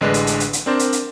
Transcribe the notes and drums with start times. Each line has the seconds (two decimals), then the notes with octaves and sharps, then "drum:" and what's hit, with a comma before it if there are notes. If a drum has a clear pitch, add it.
0.01 A1 D3 G#3 D4 B4
0.14 drum: hi-hat
0.27 drum: hi-hat
0.40 drum: hi-hat
0.53 drum: hi-hat
0.66 C4 D4 A#4 C5 D5
0.79 drum: hi-hat
0.92 drum: hi-hat